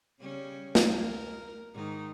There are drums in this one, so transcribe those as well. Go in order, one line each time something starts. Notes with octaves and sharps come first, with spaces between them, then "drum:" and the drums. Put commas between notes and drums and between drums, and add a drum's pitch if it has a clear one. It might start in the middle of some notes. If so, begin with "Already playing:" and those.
C#3 G3 C#4
drum: snare
A#4
G#2 D#3 D#4